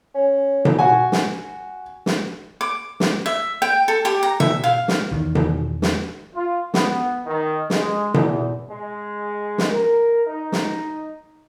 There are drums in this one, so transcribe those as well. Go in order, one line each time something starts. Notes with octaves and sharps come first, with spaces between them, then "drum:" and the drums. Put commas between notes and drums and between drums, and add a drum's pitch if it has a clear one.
C#4
drum: tom B2
F#4 G#5
drum: snare
drum: snare
D6
drum: snare
E5
G5
A4
G4
A#5
E5, drum: tom B2
F5
drum: snare
E2 D#3
drum: tom B2
drum: snare
F4
B3, drum: snare
D#3
G#3, drum: snare
E2, drum: tom B2
G#3
drum: snare
A#4
D#4
drum: snare